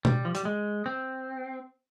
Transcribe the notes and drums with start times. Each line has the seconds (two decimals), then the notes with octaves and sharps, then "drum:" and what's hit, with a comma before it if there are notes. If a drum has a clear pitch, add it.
0.05 G3, drum: tom
0.25 F3
0.35 G3, drum: hi-hat
0.45 G#3
0.86 C4